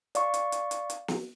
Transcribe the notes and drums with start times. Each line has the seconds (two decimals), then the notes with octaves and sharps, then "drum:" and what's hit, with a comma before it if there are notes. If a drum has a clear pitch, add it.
0.15 D5 F5 C#6, drum: hi-hat
0.34 drum: hi-hat
0.52 drum: hi-hat
0.71 drum: hi-hat
0.90 drum: hi-hat
1.08 drum: snare